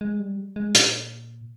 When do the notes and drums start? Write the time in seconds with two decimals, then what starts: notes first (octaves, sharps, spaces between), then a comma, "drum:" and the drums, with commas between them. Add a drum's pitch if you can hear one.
0.01 G#3
0.20 G3
0.56 G#3
0.75 A#2, drum: hi-hat